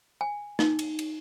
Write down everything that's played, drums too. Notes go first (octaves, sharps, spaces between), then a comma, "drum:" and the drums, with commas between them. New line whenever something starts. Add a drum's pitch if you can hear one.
G#5
D#4, drum: snare
drum: cymbal
drum: cymbal